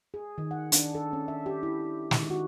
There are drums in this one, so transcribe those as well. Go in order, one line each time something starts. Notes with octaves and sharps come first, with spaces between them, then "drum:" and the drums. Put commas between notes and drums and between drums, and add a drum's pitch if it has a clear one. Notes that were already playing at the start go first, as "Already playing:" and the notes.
G#4
D#3
F#5
D4, drum: hi-hat
A4
C#4
E5
G4
E4
D#3, drum: snare
F#4